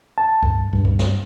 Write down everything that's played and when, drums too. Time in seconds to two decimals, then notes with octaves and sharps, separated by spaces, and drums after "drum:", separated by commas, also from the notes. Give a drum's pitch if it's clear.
0.18 A5
0.43 G2, drum: kick
0.73 G2, drum: kick
0.85 drum: kick
0.99 drum: snare